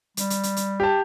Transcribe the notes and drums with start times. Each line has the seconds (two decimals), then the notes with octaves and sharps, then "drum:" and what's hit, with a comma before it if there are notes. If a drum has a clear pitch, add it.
0.17 G3, drum: hi-hat
0.30 drum: hi-hat
0.43 drum: hi-hat
0.57 drum: hi-hat
0.80 G4 A5